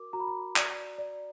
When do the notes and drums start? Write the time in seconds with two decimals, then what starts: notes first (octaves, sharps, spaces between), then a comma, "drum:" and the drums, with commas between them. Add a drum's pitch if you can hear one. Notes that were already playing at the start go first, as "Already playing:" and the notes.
Already playing: F#4 A#4 D6
0.13 F#4 A#5
0.20 B5
0.27 A#5
0.56 D5, drum: clap
0.98 D5